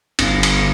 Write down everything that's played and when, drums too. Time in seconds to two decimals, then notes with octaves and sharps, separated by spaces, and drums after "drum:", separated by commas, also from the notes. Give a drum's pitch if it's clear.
0.19 G1, drum: cymbal
0.43 drum: cymbal
0.57 D3